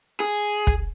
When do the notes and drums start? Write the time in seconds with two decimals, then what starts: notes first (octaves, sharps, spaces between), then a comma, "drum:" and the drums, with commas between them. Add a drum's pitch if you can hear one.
0.20 G#4
0.67 drum: kick